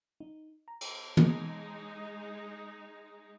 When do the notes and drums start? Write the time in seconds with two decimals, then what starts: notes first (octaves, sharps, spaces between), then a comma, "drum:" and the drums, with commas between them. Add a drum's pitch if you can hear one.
0.20 D#4
0.68 A#5
0.81 drum: cymbal
1.17 G#3 D#4, drum: tom